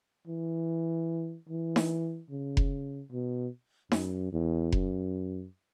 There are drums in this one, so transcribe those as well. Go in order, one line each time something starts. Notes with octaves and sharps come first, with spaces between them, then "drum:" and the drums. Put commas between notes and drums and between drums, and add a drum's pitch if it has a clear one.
E3
E3
drum: snare D#4
C#3
drum: kick F1
B2
F#2, drum: snare D#4
E2
F#2, drum: kick F1